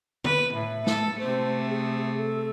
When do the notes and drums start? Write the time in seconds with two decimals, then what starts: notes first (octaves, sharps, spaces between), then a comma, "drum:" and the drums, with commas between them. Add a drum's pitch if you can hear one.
0.24 B4, drum: tom
0.54 A2 E5
0.87 A4, drum: snare A3
1.19 C3 A3 C5
1.69 G#4
2.18 A4